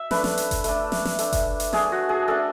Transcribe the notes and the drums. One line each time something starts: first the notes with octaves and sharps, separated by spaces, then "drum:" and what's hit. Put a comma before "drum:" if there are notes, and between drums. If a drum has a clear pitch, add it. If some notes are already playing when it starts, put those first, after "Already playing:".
Already playing: E5
A3 D4 B4, drum: snare
drum: snare
drum: hi-hat
drum: kick F#1, hi-hat
A3 D4, drum: hi-hat
drum: snare
drum: snare
A3 D4, drum: hi-hat
drum: kick F#1, hi-hat
drum: hi-hat
A3 D4 G#4, drum: snare
F#4
G#4
A3 D4 A4